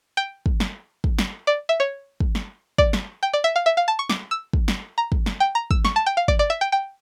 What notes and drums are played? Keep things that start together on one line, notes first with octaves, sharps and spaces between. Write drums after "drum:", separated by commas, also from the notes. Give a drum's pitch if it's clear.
G5
drum: kick
drum: snare
drum: kick
drum: snare
D5
E5
C#5
drum: kick
drum: snare
D5, drum: kick
drum: snare
G5
D5
E5
F5
E5
F5
A5
C#6
D6, drum: snare
E6
drum: kick
drum: snare
A#5
drum: kick
drum: snare
G5
A#5
E6, drum: kick
C#6, drum: snare
A5
G5
F5
D5, drum: kick
D5
E5
G5
G5